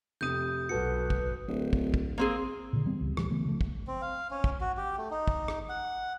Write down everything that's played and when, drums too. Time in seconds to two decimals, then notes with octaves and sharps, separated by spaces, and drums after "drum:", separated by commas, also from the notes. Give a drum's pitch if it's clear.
0.21 F1 C3 D#6 G6 D#7
0.69 B1 F#4 A4 B4 C#7
1.10 drum: kick
1.48 D1
1.73 drum: kick
1.94 drum: kick
2.18 A#3 C4 G#4
2.73 A#2 D3
2.86 E3 G3 B3 C4
2.99 C#2 G3
3.17 D1 A2 E3 G3, drum: rim click
3.30 C#3 E3 A3 B3
3.45 C#3 F3 A3
3.61 drum: kick
3.87 C4
4.02 F5
4.31 C#4
4.44 drum: kick
4.61 F#4
4.77 G4
4.98 A3
5.11 D#4
5.28 drum: kick
5.48 drum: rim click
5.69 F#5